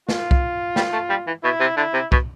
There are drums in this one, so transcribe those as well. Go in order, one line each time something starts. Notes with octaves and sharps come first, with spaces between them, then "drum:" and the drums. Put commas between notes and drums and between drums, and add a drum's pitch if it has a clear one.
F4, drum: snare
drum: kick C2
G3, drum: snare
A3
G3
E3
B2 E4
C3
D3 E4
C3
B2, drum: kick C2